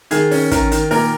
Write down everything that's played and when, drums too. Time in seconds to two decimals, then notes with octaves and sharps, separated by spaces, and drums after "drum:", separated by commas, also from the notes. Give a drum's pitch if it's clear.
0.11 D#3 G#4, drum: hi-hat
0.31 C#4, drum: open hi-hat
0.51 D#3 A#4, drum: kick, hi-hat
0.72 D#3, drum: hi-hat
0.91 A#2 A#4, drum: open hi-hat